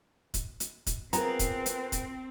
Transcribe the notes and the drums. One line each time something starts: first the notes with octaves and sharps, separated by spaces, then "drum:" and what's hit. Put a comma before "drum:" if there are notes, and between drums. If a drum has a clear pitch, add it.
drum: kick, hi-hat
drum: hi-hat
drum: kick, hi-hat
B3 C4 F4 G#4 A#4 A#5, drum: hi-hat
drum: kick, hi-hat
drum: hi-hat
drum: kick, hi-hat